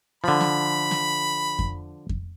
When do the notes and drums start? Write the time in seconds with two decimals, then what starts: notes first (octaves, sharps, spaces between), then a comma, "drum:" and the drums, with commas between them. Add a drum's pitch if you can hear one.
0.24 D3 F3 B5
0.41 drum: snare
0.91 drum: snare
1.59 drum: kick F2
2.09 drum: kick F2